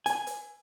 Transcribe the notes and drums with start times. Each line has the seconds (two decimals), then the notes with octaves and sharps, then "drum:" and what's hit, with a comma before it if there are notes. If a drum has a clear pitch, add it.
0.06 G#5, drum: hi-hat
0.27 drum: hi-hat